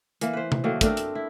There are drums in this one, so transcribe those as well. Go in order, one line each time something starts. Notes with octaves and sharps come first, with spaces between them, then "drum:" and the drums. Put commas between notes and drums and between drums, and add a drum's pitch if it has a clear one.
E3 A#3, drum: hi-hat
B4 C5
drum: tom C3
D#3 F#3 A3 A#3
A3 C4 D4 A#4, drum: kick, hi-hat
drum: hi-hat
E4